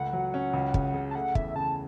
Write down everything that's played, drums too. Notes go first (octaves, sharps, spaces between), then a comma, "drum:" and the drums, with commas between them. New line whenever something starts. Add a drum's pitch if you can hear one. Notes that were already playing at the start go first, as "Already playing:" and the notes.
Already playing: C#2 A3 F#5
F#3
C#4
C#2
C#3, drum: kick
C#3
A5
A3 F#5
E2 E5, drum: kick
C#3 A5